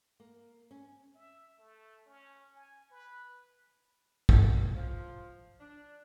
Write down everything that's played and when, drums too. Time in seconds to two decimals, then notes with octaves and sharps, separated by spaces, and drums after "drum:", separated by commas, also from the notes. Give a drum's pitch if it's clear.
0.20 A#3
0.71 C#4
1.15 E5
1.58 A3
2.06 C#4
2.55 G#5
2.90 B4
4.29 drum: kick
4.74 F3
5.60 D4